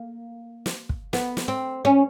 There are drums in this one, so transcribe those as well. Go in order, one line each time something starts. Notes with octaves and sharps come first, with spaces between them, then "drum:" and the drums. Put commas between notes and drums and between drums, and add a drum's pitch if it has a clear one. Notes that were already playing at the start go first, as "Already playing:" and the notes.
Already playing: A#3
drum: snare
drum: kick
B3, drum: snare
drum: snare
C4
C#4